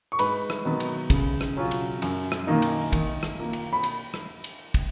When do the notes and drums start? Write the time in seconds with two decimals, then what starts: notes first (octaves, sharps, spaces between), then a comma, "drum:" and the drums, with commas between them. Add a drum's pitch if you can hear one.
0.12 C#6
0.19 G#2 B4 B5, drum: cymbal
0.50 drum: rim click
0.65 D#3 F#3 B3
0.80 drum: cymbal
1.10 C#3, drum: kick, cymbal
1.41 drum: rim click
1.57 F#3 C#4 F4
1.71 drum: cymbal
2.02 F#2, drum: cymbal
2.32 drum: rim click
2.47 D#3 A#3 D#4
2.62 drum: cymbal
2.93 D#3, drum: kick, cymbal
3.23 drum: rim click
3.38 A#3 F4
3.53 drum: cymbal
3.73 B5
3.83 drum: cymbal
4.14 drum: rim click
4.44 drum: cymbal
4.74 drum: kick, cymbal